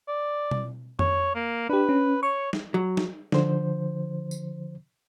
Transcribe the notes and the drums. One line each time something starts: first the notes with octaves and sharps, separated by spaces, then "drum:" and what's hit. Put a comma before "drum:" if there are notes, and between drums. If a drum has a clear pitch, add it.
D5
drum: tom B2
C#5, drum: tom F2
A#3
D4 G4 B4
C#4
C#5 C#6
drum: snare
F#3
drum: snare
D3 F3 C5, drum: snare
drum: tambourine